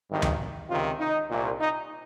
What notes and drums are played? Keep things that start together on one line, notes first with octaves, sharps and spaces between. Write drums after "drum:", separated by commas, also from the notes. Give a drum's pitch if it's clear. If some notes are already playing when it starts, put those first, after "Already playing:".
G#1 G2 D#3
drum: tom D2
C#2 C3 D#3 F4
D#4
C2 A#2
D#4